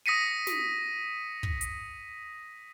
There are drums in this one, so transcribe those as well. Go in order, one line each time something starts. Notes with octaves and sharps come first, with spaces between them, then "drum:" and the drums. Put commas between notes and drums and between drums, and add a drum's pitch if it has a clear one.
D#6 A#6 B6 C#7 D#7
drum: snare
drum: kick
drum: hi-hat